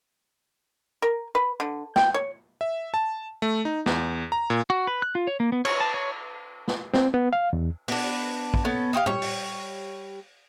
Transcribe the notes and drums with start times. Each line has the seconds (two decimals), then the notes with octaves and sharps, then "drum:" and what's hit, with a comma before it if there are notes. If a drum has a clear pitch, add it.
1.02 A#4
1.35 B4
1.60 D3
1.96 G5, drum: snare
2.14 C#5
2.61 E5
2.94 A5
3.42 A3
3.65 D#4
3.86 E2, drum: snare
4.32 A#5
4.50 A#2
4.70 F#4
4.87 B4
5.02 F#6
5.15 F4
5.27 C#5
5.40 A#3
5.52 B3
5.65 C#5, drum: cymbal
5.80 A5
5.94 C#5
6.68 drum: snare
6.94 C4, drum: snare
7.14 B3
7.33 F5
7.53 E2
7.88 B3 D4, drum: open hi-hat
8.54 drum: kick
8.65 B3 C#4 A4
8.93 D#4 G4 C5 F5
9.06 G3 C#5, drum: tom
9.22 drum: open hi-hat